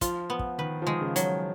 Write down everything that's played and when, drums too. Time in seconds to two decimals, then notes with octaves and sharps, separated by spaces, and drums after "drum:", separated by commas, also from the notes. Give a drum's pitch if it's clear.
0.01 F3 F4, drum: kick, hi-hat
0.30 B3
0.39 drum: kick
0.58 D#3 B4
0.82 F3
0.87 D#3 G#3
1.01 C#3
1.16 F#3, drum: hi-hat